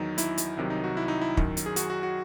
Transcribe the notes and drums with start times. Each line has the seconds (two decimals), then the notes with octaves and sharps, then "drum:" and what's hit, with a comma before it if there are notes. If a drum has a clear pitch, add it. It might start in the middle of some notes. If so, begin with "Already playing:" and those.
Already playing: E2 D#3 F#3 D#4
0.18 E4, drum: hi-hat
0.38 drum: hi-hat
0.57 C2 C3 D#3 F#3
0.70 D#4
0.84 F#4
0.97 E4
1.08 D#4
1.21 E4
1.37 F#2 D#3 F#3, drum: kick
1.57 drum: hi-hat
1.66 G#4
1.76 F#4, drum: hi-hat
1.90 F#4
2.03 F#4